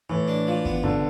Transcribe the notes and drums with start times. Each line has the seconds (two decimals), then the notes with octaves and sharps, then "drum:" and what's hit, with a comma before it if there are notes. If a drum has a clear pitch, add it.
0.09 A2 E3
0.28 D4
0.47 F3
0.65 B3, drum: kick G1
0.83 C2 D3